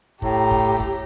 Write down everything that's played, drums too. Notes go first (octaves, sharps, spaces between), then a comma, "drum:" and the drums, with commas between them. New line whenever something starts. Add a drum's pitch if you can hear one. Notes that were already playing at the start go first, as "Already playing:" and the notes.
A2 G4 A#5, drum: kick
drum: kick
drum: kick